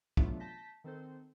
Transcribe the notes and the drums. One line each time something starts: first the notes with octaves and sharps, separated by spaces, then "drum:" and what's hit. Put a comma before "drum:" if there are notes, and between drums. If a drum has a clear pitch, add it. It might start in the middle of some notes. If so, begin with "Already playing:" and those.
C3 F#3 A3 B3 D4 F4, drum: kick
A5 G6 A#6 B6
D#3 C4 A4 C5